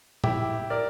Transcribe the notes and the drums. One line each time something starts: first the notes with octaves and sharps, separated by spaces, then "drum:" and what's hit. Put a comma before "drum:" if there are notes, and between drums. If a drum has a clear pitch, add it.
E4 G4, drum: tom A2
A#4 D5